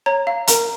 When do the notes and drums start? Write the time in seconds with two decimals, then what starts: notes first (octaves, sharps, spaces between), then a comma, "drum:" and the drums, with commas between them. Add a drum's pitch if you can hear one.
0.06 C#5 A#5
0.27 F5
0.47 A#4 A#5, drum: hi-hat